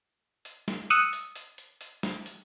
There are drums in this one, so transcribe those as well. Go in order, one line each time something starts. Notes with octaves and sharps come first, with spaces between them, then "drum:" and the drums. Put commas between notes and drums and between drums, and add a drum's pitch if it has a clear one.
drum: hi-hat
drum: snare
D#6 E6 F#6 C#7 D#7, drum: hi-hat
drum: hi-hat
drum: hi-hat
drum: hi-hat
drum: hi-hat
drum: snare
drum: hi-hat